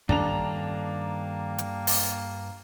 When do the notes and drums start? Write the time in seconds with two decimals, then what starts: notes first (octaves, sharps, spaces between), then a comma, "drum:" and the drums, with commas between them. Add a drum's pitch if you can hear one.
0.09 G2 D#3 A#3 C#4 D4 A4 A#5 F7, drum: kick
1.58 drum: hi-hat
1.87 drum: open hi-hat